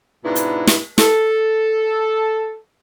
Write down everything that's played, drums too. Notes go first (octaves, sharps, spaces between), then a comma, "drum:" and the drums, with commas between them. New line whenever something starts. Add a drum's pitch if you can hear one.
G#2 B2 B3 D4 E4 F4
drum: hi-hat
drum: snare
A4, drum: snare